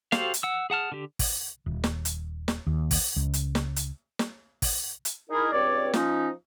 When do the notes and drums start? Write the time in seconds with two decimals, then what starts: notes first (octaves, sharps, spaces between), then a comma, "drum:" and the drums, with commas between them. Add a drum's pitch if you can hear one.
0.12 F#4 G4 A4 C5 F5, drum: snare
0.34 drum: hi-hat
0.43 F#5 E6
0.70 G#4 F#5 A5 F6
0.92 D3 G4
1.19 drum: kick, open hi-hat
1.66 D#1
1.84 drum: snare
2.05 drum: hi-hat
2.48 drum: snare
2.67 D#2
2.91 drum: kick, open hi-hat
3.16 C#2
3.34 drum: hi-hat
3.55 drum: snare
3.76 drum: hi-hat
4.19 drum: snare
4.62 drum: kick, open hi-hat
5.05 drum: hi-hat
5.30 D#4 E4 G#4 A#4
5.52 C#2 G2 C4 C#5 D5
5.94 F3 C#4 D#4, drum: snare